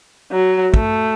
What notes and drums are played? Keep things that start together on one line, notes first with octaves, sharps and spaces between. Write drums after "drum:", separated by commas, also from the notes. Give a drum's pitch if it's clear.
F#3
A3, drum: kick